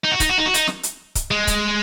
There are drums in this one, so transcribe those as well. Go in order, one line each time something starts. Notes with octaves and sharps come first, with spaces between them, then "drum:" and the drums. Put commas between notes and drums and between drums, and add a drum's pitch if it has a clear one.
D#4
F#4
D#4, drum: kick C#1, hi-hat
F#4
D#4
F#4
D#4, drum: hi-hat
drum: snare
drum: hi-hat
drum: kick C#1, hi-hat
G#3
drum: kick C#1, hi-hat